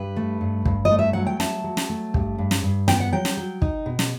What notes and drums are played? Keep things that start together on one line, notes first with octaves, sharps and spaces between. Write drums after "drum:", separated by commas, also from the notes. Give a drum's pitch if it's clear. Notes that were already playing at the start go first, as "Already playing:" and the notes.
Already playing: G2 B4
A3
G2
G2, drum: kick
D#5
A3
E5
F#3 F#5
G5
A3 A5, drum: snare
F#3
drum: snare
A3
G2, drum: kick
G2
drum: snare
G2
B3 G5, drum: snare
F#5
F#3 G5
drum: snare
F#3
D#4, drum: kick
B2
drum: snare